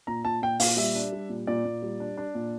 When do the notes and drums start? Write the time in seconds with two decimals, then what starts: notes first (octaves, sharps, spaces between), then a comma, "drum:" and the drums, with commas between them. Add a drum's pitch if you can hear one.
0.07 A#2 A#5
0.25 A#2 A5
0.42 A#2 G5
0.60 A#2 F5, drum: open hi-hat
0.77 G3 E5
0.95 D4
1.13 G3
1.29 A#2
1.47 A#2 D5
1.65 A#2
1.82 G3
2.00 D4
2.17 D4
2.35 A#2